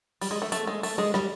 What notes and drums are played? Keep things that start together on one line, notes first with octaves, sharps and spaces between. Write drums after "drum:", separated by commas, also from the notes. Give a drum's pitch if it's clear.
G3, drum: open hi-hat
G#3
A3
A3, drum: hi-hat
G#3
A3, drum: open hi-hat
G#3
G3, drum: rim click